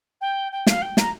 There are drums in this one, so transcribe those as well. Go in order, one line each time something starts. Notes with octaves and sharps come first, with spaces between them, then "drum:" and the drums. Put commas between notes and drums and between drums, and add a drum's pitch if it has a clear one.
G5
G5
F5, drum: snare
G5
A#5, drum: snare